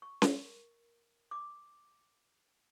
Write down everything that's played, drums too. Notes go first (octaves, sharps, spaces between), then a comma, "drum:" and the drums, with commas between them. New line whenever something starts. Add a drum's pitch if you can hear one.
C#6
A#4, drum: snare C#4
D6